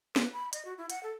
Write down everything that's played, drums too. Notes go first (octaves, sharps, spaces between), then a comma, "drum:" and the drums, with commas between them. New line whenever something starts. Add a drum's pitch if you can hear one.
B4, drum: snare
B5
D#5, drum: hi-hat
F#4
E4
F#5, drum: hi-hat
A4